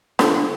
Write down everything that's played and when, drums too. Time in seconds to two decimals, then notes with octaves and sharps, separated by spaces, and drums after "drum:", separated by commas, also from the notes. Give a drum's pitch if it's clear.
0.19 D3, drum: snare